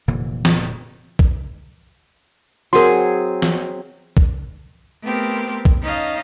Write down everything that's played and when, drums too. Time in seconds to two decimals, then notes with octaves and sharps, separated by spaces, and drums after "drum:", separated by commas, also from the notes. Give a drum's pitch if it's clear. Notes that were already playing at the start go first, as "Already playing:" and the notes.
0.08 F1 A#2 D3 E3
0.45 drum: snare
1.19 drum: kick
2.73 F#3 C4 G#4 A#4 C6
3.42 drum: snare
4.17 drum: kick
5.03 A3 B3 C4 G4 A#4
5.65 drum: kick
5.82 C#4 D#4 D#5 F5 A5